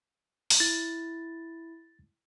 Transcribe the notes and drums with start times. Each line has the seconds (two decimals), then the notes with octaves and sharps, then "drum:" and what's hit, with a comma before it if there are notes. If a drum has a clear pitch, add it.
0.50 drum: open hi-hat
0.60 E4 A6